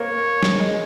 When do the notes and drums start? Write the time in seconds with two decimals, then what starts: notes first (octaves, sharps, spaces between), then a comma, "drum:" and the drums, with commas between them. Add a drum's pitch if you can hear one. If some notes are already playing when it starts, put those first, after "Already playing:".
Already playing: A#3 C#5
0.43 drum: snare
0.59 G#3